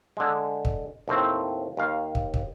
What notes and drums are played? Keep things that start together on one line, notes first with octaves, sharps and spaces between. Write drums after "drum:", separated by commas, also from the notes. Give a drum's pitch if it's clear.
D3 G#3
drum: kick
D#2 A2 C4
D#2 F5
drum: kick
drum: kick